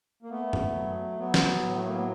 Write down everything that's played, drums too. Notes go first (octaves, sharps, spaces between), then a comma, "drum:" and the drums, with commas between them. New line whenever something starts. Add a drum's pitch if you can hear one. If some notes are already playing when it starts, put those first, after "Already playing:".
A#3
A3 B3
drum: tom F#2
F#3
F#3 B3
drum: snare
A2
A3
A#3
B3